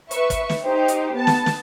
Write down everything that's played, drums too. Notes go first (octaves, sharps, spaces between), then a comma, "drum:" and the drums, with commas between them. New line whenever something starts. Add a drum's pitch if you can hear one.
B4 E5 C#6, drum: hi-hat
drum: kick, hi-hat
drum: snare
D#4 G4 C5
drum: hi-hat
B3 A5
drum: snare
drum: snare